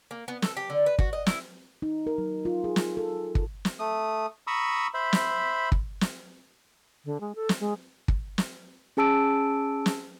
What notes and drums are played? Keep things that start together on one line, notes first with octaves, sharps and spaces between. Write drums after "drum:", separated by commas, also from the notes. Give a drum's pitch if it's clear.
A#3
B3
A4, drum: snare
G4
D3
B4
F#4, drum: kick
D#5
E4, drum: snare
D#4
A#4
F#3
F4
G#4
drum: snare
A4
drum: kick
drum: snare
A3 D#6
A#5 B5 C#6 D#6 E6
C5 E5 B5
drum: snare
drum: kick
drum: snare
D3
G#3
A4
drum: snare
G#3
drum: kick
drum: snare
C#4 G#4 A5 E6 D7
drum: snare